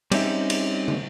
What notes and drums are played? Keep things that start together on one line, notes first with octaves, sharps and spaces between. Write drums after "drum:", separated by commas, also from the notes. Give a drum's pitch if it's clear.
G3 C4 C#4 D#4 E5, drum: cymbal
drum: cymbal
drum: tom